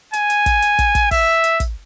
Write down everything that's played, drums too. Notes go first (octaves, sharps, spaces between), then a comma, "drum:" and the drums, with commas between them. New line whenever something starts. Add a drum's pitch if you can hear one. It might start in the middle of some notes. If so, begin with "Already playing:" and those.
G#5, drum: hi-hat
drum: hi-hat
drum: kick, hi-hat
drum: hi-hat
drum: kick, hi-hat
drum: kick, hi-hat
E5, drum: kick, open hi-hat
drum: hi-hat
drum: kick, hi-hat